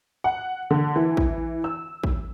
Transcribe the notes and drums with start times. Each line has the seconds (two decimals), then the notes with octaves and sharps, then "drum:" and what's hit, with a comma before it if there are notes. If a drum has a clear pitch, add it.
0.24 F#5
0.71 D3
0.96 E3
1.17 drum: kick
1.64 E6
2.04 drum: kick